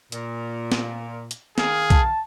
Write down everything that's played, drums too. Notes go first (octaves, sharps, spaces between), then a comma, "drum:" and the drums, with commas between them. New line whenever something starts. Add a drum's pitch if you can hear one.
A#2, drum: hi-hat
drum: snare
drum: hi-hat
D#3 G#4 F5, drum: snare
A5, drum: kick, hi-hat